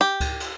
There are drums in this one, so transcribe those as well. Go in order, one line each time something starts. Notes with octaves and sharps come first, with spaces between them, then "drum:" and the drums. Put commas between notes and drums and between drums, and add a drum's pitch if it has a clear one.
G4
drum: kick C#2, cymbal
drum: cymbal